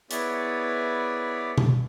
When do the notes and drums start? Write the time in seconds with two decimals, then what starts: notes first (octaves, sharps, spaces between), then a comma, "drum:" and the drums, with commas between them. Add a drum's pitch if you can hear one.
0.11 B3 E4 G#4 C#5 D5 B5, drum: hi-hat
1.58 drum: tom B2